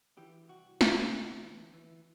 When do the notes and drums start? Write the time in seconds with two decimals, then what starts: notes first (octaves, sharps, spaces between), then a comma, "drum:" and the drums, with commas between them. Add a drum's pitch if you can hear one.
0.17 E3 G4
0.49 C2 F#4
0.81 C3, drum: snare
1.12 D2
1.42 E3
1.74 E3